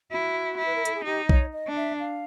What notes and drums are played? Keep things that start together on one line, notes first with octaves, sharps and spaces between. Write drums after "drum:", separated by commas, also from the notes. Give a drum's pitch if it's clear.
E4 F#4
E4
B4
A#4
A4, drum: hi-hat
G#4
D#4 G4
C#5, drum: kick B1
D#5
D4
E5
F5